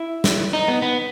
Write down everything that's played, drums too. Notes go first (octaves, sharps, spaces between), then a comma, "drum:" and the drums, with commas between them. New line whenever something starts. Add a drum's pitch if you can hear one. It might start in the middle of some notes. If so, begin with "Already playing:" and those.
Already playing: E4
drum: snare
D#4
B3
B3